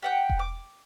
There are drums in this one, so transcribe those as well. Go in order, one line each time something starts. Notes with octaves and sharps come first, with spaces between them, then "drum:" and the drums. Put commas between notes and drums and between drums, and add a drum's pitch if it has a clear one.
G4 F#5 G5
drum: kick E1
D6